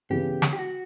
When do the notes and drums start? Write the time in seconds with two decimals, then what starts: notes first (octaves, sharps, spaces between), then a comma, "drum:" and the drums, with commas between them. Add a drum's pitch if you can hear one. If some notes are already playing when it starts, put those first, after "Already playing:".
0.10 C#3 E3 B3 G4
0.42 drum: snare
0.53 G4
0.59 F#4